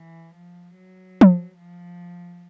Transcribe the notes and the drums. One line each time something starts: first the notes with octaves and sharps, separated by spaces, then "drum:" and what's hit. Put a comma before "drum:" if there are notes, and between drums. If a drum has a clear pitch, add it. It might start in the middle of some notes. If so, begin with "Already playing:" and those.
Already playing: E3
F3
F#3
drum: tom F3
F3